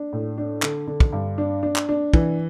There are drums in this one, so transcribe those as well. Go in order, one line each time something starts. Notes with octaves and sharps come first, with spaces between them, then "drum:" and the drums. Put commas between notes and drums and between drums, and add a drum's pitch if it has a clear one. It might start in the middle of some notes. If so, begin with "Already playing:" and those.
Already playing: D4
A2
D4
D3, drum: clap
D3
drum: kick
G2
D4
D4
drum: clap
D4
E3, drum: kick